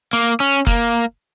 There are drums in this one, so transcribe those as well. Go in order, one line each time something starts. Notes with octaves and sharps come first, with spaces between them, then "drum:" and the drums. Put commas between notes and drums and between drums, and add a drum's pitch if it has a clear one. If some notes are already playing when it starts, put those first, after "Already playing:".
A#3
C#4
A#3, drum: kick F#1